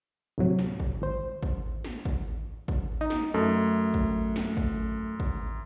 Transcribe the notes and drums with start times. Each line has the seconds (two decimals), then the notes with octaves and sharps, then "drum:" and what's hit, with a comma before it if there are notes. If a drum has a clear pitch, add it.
0.38 D2 A2 C3 F#3
0.59 drum: snare
0.80 drum: kick
1.01 G#1 C5
1.43 drum: kick
1.84 drum: snare
2.05 drum: kick
2.68 drum: kick
3.01 D#4
3.10 drum: snare
3.34 F#2 A3
3.94 drum: kick
4.36 drum: snare
4.57 drum: kick
5.20 drum: kick